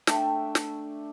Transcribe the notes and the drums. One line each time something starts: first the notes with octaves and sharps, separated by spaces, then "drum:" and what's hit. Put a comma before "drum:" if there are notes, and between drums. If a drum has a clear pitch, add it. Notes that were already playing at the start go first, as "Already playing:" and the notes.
A3 D4 E5 G5, drum: snare
drum: snare